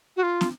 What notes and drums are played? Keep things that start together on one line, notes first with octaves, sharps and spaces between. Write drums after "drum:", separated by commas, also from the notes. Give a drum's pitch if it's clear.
F#4
F4
drum: snare